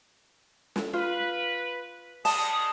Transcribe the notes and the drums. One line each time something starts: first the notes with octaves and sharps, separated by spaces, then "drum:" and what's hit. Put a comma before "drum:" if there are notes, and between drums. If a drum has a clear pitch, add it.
drum: snare
F4 B4
D#3 G3 G#3 A5 D#6, drum: open hi-hat